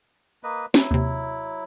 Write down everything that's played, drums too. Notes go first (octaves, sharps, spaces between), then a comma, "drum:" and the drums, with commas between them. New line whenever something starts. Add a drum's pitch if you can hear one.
A#3 B4 D#5
F#3 E4, drum: snare
D#2 C3